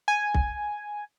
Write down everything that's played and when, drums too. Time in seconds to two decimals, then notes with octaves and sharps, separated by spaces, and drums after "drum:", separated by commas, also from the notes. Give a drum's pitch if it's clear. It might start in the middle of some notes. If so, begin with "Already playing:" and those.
0.08 G#5
0.34 drum: kick B1